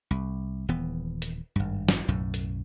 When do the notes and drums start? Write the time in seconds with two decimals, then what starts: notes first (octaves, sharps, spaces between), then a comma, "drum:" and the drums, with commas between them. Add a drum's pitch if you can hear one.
0.11 C2
0.68 D#1 E3 B3
1.22 drum: hi-hat
1.56 G#1 G2
1.89 drum: snare
2.08 B1 F#2 A2
2.34 drum: hi-hat